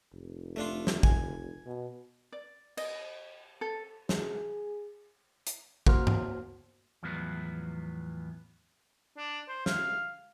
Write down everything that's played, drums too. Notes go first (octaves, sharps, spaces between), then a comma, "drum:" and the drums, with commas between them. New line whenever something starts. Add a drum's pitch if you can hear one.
F1
A3 D4 F4
drum: snare
G#5, drum: kick
B2
D5
D#5, drum: cymbal
A4
G#4, drum: snare
drum: hi-hat
D2 A#3 F#4 C5 C6 F6, drum: kick
drum: tom G2
E2 A2 F3 F#3 B3
D4
C5
F5, drum: snare